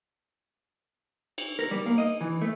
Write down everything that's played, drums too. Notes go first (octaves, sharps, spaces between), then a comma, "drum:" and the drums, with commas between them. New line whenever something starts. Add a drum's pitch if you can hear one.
drum: cymbal
A#4
G3
A#3
D#5
E3
A3